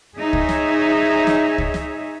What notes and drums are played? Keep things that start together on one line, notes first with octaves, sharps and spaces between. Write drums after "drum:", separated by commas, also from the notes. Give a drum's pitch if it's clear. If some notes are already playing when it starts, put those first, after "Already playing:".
D#4 G#4 C#5 E5
drum: kick
drum: snare
drum: snare
drum: kick
drum: snare